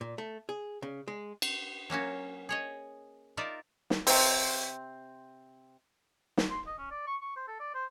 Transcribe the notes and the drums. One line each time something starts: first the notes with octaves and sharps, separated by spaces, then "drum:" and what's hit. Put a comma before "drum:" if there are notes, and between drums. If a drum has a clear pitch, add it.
A#2
A3
G#4
C#3
G#3
drum: cymbal
F#3 A#3 C#4 F#4
G#4 C#5 D#5
D#4 F4 A#4 D5 E5
drum: snare
C3 C4, drum: open hi-hat
drum: snare
C6
D#5
C#4
D5
C#6
C#6
C5
A4
D5
C5